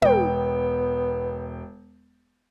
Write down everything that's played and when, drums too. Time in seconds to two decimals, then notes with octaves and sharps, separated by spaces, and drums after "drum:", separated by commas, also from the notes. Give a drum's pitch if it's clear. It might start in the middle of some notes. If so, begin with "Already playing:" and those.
0.02 E1 B3 G5, drum: tom